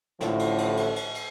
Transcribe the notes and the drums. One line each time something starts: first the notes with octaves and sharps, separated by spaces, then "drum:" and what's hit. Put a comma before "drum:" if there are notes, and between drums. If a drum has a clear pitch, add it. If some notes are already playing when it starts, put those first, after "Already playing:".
A1 A2 D3 F3, drum: snare
drum: cymbal
drum: cymbal
drum: cymbal
drum: cymbal
drum: cymbal